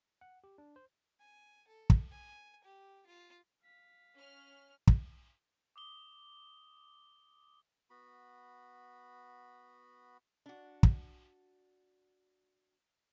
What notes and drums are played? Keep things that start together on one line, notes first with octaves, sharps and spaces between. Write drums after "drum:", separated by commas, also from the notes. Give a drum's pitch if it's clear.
F#5
G4
D4
C5
G#5
A4
drum: kick
G#5
G4
F4
F5 B6
C#4 F6
drum: kick
D6 D#6 G7
B3 F#4 B5
D4 F#4
drum: kick